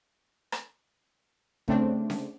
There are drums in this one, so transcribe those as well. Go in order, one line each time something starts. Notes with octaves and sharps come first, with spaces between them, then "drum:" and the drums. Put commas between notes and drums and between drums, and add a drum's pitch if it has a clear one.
drum: rim click
C#3 A3 C4 D4, drum: kick
drum: snare C#4